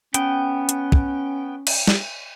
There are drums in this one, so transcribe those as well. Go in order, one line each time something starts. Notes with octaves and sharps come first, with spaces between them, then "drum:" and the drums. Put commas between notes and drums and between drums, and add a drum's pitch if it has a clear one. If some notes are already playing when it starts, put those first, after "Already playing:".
B3 C#4 G5, drum: hi-hat
drum: hi-hat
drum: kick
drum: cymbal
drum: snare